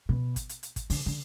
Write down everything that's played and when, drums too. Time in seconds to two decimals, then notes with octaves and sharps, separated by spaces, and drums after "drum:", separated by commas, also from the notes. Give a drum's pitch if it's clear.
0.09 B2
0.36 drum: kick, hi-hat
0.49 drum: hi-hat
0.63 drum: hi-hat
0.76 drum: kick, hi-hat
0.90 D3, drum: open hi-hat
1.06 D3